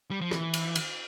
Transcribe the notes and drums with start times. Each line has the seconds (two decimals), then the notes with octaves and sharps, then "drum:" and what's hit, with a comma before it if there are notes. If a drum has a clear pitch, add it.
0.11 G3
0.21 F3
0.31 E3, drum: rim click
0.54 drum: cymbal
0.75 drum: cymbal